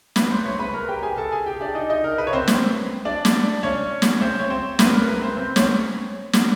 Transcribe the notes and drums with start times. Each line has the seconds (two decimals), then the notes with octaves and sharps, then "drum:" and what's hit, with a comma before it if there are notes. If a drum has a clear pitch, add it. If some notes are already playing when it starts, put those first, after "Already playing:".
0.16 B4 B5, drum: snare
0.30 C5 C6
0.45 C#5 C#6
0.59 B4 B5
0.74 A#4 A#5
0.88 G4 G5
1.03 G#4 G#5
1.17 A4 A5
1.32 G#4 G#5
1.46 G4 G5
1.61 D4 D5
1.75 D#4 D#5
1.90 D#4 D#5
2.04 A#4
2.18 B4
2.27 C#5
2.33 C4 C5
2.48 drum: snare
3.05 D4 D5
3.25 drum: snare
3.63 C#4 C#5
4.02 drum: snare
4.21 C4 C5
4.40 C#5
4.50 C4 C5
4.79 B4, drum: snare
4.93 A#4
5.08 B4
5.22 C4 C5
5.37 C4 C5
5.56 C#4 C#5, drum: snare
6.33 drum: snare